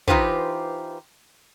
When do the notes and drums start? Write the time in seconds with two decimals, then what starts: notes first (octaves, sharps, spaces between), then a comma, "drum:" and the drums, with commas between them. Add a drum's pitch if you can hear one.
0.07 E3 D#4 F4 G4 B4 C5, drum: kick